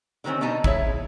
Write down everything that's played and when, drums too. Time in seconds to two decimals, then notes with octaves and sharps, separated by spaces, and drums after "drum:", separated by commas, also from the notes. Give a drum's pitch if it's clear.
0.24 D3 D#3 G3 C4 C#4
0.41 B2 G3 D4 D#4 A5 A#5
0.64 E4 G#4 C#5 E5, drum: kick